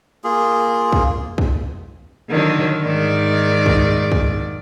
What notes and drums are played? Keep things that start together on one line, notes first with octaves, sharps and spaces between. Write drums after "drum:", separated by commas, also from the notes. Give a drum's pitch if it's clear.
A#3 F4 G#4
drum: kick
drum: kick
D3 D#3 F#3
G#2 D#3 D5
drum: kick
drum: kick